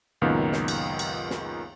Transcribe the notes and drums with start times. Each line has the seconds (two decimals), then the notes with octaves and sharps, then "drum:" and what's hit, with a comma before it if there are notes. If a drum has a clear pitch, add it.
0.22 C#2 F#2 A#2 D#3 B3
0.53 drum: snare
0.68 drum: cymbal
0.99 drum: cymbal
1.30 drum: snare